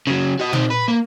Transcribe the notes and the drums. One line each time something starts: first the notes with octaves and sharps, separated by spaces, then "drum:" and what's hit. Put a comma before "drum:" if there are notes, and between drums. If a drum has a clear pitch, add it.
C#3 F#3
F#4 D#5
C4 D#4, drum: tom
B4
A#3